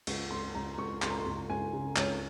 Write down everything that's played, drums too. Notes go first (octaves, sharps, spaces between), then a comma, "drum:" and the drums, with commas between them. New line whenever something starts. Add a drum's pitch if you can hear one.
C#2 C#6, drum: cymbal
C#2 C6
C#2 A#5
C#2 C#6
C#2 C6, drum: clap
A#5
C6
C#2
C#2 G#5
C#3
C#2 C#5, drum: clap